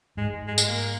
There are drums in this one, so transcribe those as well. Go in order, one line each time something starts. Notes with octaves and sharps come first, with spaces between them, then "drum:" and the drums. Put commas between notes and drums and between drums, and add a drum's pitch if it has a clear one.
G#2 G#3
G#3
G#3, drum: tambourine
A#3